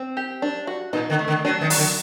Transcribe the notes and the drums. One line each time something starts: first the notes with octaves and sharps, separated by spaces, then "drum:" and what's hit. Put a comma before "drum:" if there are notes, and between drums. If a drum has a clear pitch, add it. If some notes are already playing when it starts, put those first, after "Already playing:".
Already playing: C4
G4
D4
F#4
A#2 D#4
D3
A3
D3
F#3 D4
D#3
F#3, drum: open hi-hat
D3